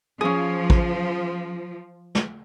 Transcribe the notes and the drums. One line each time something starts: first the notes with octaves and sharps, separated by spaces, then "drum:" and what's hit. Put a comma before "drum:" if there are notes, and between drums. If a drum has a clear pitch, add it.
F3 C#4 G#4
drum: kick
drum: snare